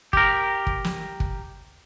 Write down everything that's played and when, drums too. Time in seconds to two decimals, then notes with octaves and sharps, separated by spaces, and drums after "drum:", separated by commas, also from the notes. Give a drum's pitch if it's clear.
0.13 G4 A#4, drum: kick
0.67 drum: kick
0.84 drum: snare
1.20 drum: kick